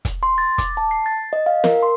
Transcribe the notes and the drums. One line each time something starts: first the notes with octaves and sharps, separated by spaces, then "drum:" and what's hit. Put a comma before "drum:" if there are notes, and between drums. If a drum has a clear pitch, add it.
drum: kick, hi-hat
C6
A6
D6, drum: kick, hi-hat
A5
C7
A6
D#5
F5
A#4, drum: snare
C6